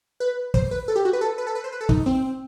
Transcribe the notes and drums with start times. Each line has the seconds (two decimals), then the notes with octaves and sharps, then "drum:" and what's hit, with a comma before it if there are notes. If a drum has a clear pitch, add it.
0.20 B4
0.54 C5, drum: kick
0.71 B4
0.88 A4
0.96 G4
1.05 F#4
1.13 B4
1.21 A4
1.38 B4
1.47 A4
1.55 B4
1.64 C5
1.72 B4
1.81 A4
1.89 D#4, drum: kick
2.06 C4